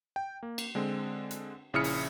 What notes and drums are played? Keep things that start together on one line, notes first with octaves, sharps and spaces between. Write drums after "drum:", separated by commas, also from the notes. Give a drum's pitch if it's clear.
G5
A#3
drum: cymbal
D3 G#3 C4
drum: hi-hat
A#1 C#3 E4 D#6 F6 C#7
drum: open hi-hat